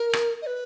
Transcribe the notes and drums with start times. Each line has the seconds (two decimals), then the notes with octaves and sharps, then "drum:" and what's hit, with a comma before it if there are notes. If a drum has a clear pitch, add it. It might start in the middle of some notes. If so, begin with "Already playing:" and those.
Already playing: A#4
0.13 drum: rim click
0.42 D#5
0.47 B4